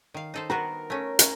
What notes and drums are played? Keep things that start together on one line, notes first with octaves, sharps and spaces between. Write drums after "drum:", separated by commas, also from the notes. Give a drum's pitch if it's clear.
D#3 F5
D#4 A4 C5
B3 F#4 A#4 C5
A3 C#4
C#4, drum: hi-hat